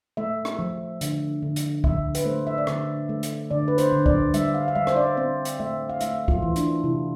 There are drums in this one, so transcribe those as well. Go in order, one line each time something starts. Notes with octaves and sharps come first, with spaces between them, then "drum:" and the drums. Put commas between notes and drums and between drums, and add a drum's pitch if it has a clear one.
A3 E5
drum: rim click
F3
D3, drum: hi-hat
D3
drum: hi-hat
D3 E5, drum: kick
B4, drum: hi-hat
A3 C5
E5
D5
D3 E5, drum: rim click
A3
drum: hi-hat
D3 D5
B4
C5, drum: hi-hat
D3
D5, drum: kick
G3 E5, drum: hi-hat
F5
F5
G3 E5
C5, drum: rim click
D5
C4 C5
drum: hi-hat
A3 E5
F5
A3 E5, drum: hi-hat
F4, drum: kick
E3
D4, drum: hi-hat
C3 E4